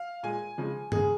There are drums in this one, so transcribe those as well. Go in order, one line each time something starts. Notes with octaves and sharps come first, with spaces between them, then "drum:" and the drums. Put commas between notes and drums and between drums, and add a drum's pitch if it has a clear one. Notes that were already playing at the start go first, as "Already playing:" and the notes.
Already playing: F5
A#2 G#3 G#5
C#3 F3 G#3
C#3 G#3 G#4, drum: tom G2